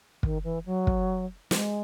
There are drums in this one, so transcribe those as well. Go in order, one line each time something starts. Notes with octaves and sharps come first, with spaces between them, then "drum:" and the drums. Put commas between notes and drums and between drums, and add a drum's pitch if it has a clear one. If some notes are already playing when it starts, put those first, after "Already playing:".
D#3, drum: kick
E3
F#3
drum: kick
G#3, drum: snare